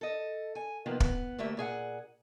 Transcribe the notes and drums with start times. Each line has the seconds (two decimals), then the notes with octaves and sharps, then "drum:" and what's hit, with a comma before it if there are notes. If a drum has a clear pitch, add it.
0.01 A4 D#5
0.55 G#5
0.86 C3 D#3 F3 A#3 B3
1.00 B3, drum: kick
1.39 D2 A3 A#3 G4 E5
1.57 A#2 G#4 F5 F#5